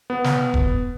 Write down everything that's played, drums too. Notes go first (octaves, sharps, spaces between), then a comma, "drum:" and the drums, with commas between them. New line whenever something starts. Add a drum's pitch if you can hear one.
B3
drum: snare
drum: kick E1